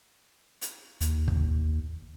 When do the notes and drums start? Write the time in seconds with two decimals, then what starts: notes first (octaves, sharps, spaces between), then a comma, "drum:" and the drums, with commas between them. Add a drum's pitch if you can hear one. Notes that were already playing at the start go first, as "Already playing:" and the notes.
0.61 drum: hi-hat
1.01 D#2, drum: hi-hat
1.28 drum: kick